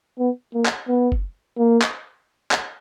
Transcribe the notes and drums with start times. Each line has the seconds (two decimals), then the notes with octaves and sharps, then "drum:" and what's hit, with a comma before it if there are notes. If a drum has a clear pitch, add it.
0.19 B3
0.54 A#3
0.65 drum: clap
0.88 B3
1.12 drum: kick F#1
1.58 A#3
1.82 drum: clap
2.51 drum: clap